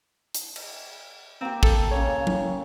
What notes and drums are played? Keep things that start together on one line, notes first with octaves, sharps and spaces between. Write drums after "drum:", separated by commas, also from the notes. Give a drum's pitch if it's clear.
drum: hi-hat
drum: cymbal
A#3 C4 G4
A4, drum: kick
C#3 A#3 C#5
drum: tom F#3